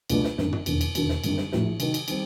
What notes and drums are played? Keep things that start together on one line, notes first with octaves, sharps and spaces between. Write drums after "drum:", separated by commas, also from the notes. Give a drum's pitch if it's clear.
C#2 B2 F#3 A3 D4, drum: cymbal
drum: snare
G#1 F#2 D3, drum: snare
drum: tom
E1 D#2 D3, drum: cymbal
drum: cymbal
E1 D#2 D3 F#3, drum: cymbal
drum: snare
G#1 F#2 D3 G3, drum: cymbal
drum: snare
A#1 A2 F#3, drum: snare
C3 D#3 F#3, drum: cymbal
drum: cymbal
D#3 G3 C4, drum: cymbal